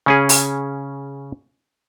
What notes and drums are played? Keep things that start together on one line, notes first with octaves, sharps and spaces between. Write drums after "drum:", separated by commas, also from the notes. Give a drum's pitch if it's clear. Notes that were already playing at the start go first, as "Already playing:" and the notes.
C#3 C#4 G#4
drum: open hi-hat